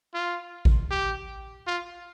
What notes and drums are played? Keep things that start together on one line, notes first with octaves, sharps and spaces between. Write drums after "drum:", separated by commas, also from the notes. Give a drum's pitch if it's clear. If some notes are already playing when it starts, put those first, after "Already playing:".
F4
drum: kick A1
G4
F4